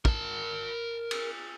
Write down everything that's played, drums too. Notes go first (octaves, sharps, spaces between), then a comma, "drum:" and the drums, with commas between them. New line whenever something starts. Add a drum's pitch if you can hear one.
A#4 A5, drum: kick
drum: cymbal